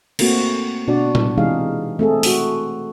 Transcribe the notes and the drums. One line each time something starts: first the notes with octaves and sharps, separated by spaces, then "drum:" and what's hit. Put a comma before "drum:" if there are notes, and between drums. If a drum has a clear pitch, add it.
A3 A#3 C4 F#4, drum: cymbal
B2 D4 F#4 D5
drum: tom A#2
C3 E3 G#3 D#4 G#4 F5
A3 C4 G#4 A4
A3 F#4, drum: open hi-hat